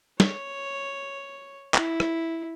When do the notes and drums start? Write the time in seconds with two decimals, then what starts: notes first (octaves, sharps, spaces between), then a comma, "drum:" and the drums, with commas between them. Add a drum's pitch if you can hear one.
0.20 C#5, drum: snare
1.74 E4, drum: clap
2.00 drum: rim click